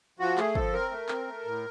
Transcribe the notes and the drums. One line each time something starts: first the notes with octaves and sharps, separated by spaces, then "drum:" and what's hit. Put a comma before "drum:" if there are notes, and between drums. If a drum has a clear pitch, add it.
F3 F#4
A3 G#4, drum: clap
F3 A4, drum: kick
C4 A#4
A3
C4, drum: clap
A3
A2